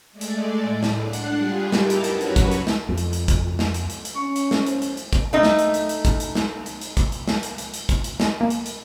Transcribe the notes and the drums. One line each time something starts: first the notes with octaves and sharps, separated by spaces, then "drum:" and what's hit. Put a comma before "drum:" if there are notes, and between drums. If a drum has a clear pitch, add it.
G#3 A3 D5
drum: hi-hat
A2
drum: snare
D4 F#5 F#6 C7
drum: hi-hat
G3 F4 G4 G#4
D#4 E4 G4 A#4 A5, drum: snare
drum: hi-hat
F#2 F#4 B4 C#5, drum: hi-hat
drum: hi-hat
drum: kick, hi-hat
drum: hi-hat
drum: snare
F2
drum: hi-hat
drum: hi-hat
drum: kick, hi-hat
drum: snare
drum: hi-hat
drum: hi-hat
drum: hi-hat
C#4 C#6
drum: hi-hat
drum: snare
C5, drum: hi-hat
drum: hi-hat
drum: hi-hat
drum: kick, hi-hat
A3 D#4
drum: snare
drum: hi-hat
drum: hi-hat
drum: hi-hat
drum: kick, hi-hat
drum: hi-hat
drum: snare
drum: hi-hat
drum: hi-hat
drum: kick, hi-hat
drum: hi-hat
drum: snare
drum: hi-hat
drum: hi-hat
drum: hi-hat
drum: kick, hi-hat
drum: hi-hat
drum: snare
A#3
drum: hi-hat
drum: hi-hat